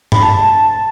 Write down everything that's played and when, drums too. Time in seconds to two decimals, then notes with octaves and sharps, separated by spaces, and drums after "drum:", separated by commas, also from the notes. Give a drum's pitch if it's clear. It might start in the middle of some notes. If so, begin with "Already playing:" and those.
0.12 B5, drum: tom G2
0.23 A5